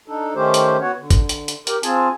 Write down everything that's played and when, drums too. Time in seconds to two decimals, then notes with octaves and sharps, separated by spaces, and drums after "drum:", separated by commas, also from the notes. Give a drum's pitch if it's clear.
0.08 D4 D#4 A4
0.35 D#3 A3 C#4 G4 C5
0.54 drum: hi-hat
0.81 B3 F#4 C#5 F#5
0.99 D3
1.10 drum: kick, hi-hat
1.29 drum: hi-hat
1.48 drum: hi-hat
1.67 G4 A#4, drum: hi-hat
1.83 C4 F4 G#4 G#5 A5, drum: hi-hat